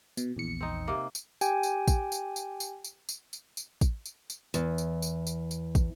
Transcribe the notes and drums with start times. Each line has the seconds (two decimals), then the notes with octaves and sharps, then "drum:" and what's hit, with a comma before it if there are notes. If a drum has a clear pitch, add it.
0.17 B2, drum: tambourine
0.37 A#1 E2 C#7
0.61 C4 D#4
0.88 C3 A#3
1.15 drum: tambourine
1.41 G4 G5 G#5, drum: tambourine
1.63 drum: tambourine
1.88 drum: kick, tambourine
2.12 drum: tambourine
2.36 drum: tambourine
2.60 drum: tambourine
2.84 drum: tambourine
3.09 drum: tambourine
3.33 drum: tambourine
3.57 drum: tambourine
3.81 drum: kick, tambourine
4.06 drum: tambourine
4.30 drum: tambourine
4.54 E2, drum: tambourine
4.78 drum: tambourine
5.02 drum: tambourine
5.27 drum: tambourine
5.51 drum: tambourine
5.75 drum: kick, tambourine